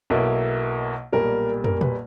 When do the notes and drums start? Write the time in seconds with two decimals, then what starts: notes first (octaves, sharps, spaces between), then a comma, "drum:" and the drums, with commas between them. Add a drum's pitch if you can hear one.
0.10 B1 B2 A#3 E4
1.13 B1 A#2 G3 A#3 A#4
1.64 A#4, drum: tom
1.81 B4, drum: tom A#2